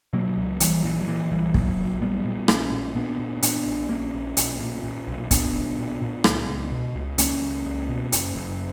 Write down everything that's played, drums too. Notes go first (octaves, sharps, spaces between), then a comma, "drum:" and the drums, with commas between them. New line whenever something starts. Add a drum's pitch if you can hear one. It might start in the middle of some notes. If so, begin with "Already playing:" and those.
B2 F#3 A#3
C#2
A#1 E3 G3, drum: hi-hat
A#2 E3
F#3
A#2 E3
A#1 E3 G3
A#2 F#3 A#3, drum: kick
A#1
A#2 G3 B3
A#2
A#1 A#3 C#4, drum: rim click
A#2
A#2 B3 D4
A#2
A#2 B3 D4, drum: hi-hat
A#1
A#1 A#3 C#4
A#1
B1, drum: hi-hat
A#2
A#2
B1
A#2 B3 D4, drum: kick, hi-hat
B1
A#2
A#2
C#2, drum: rim click
C#2
B2
C#2
C#2 A#3 C#4, drum: hi-hat
C#2
C#2
B2
F#1, drum: hi-hat
F#1